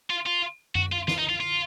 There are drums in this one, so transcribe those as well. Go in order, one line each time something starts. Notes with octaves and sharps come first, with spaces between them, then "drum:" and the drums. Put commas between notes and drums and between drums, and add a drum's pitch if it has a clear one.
F4
F4
F#4, drum: tom F#2
F4
F4, drum: snare
D#4
F4
F4